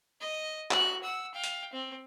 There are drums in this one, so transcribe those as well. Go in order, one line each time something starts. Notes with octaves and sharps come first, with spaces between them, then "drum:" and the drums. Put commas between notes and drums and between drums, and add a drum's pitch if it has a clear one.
D#5
F#4 F#6, drum: clap
F#5 E6
F5 G5
drum: hi-hat
C4